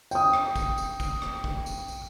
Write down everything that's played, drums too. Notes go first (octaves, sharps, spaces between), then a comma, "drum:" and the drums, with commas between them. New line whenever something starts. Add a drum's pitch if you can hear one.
G5 D#6, drum: tambourine
drum: rim click
drum: kick, tambourine
drum: tambourine
drum: kick, tambourine
drum: rim click
drum: kick
drum: tambourine
drum: tambourine